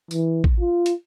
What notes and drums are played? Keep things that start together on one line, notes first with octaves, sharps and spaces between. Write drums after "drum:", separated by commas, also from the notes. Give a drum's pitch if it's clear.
E3, drum: tambourine
drum: kick A1
F4
drum: hi-hat